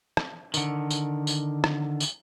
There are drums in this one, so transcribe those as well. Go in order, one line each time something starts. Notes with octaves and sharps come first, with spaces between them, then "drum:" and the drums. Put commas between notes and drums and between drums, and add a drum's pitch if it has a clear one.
drum: rim click
D3 D#3, drum: tambourine
drum: tambourine
drum: tambourine
drum: rim click
drum: tambourine